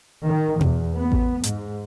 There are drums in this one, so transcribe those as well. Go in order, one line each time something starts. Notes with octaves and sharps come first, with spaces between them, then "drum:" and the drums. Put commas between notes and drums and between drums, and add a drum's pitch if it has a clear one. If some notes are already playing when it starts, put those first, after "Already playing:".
D#3
E2, drum: tom
B3
drum: kick A1
G#2, drum: hi-hat